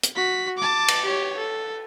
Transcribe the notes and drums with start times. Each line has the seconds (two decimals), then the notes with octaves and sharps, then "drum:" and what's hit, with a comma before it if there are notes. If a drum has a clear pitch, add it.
0.03 drum: hi-hat
0.15 F#4 B6
0.58 A5 D6
0.88 drum: cymbal
1.05 G4 C#5
1.38 A4